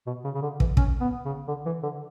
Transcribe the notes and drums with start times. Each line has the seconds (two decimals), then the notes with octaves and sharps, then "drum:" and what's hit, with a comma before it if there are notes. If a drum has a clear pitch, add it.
0.07 B2
0.24 C#3
0.35 C#3
0.42 D3
0.60 E3, drum: kick
0.77 C#4, drum: kick
1.00 B3
1.25 C#3
1.48 D3
1.66 E3
1.83 D3